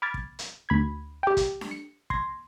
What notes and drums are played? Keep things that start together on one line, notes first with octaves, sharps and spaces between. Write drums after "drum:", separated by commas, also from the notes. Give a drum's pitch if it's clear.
B5 D6 F6 G#6 A6
drum: kick
drum: hi-hat
D2 B5 G#6
G4 G5
drum: kick, hi-hat
drum: snare D4
C#7
C6 G#6 A#6, drum: kick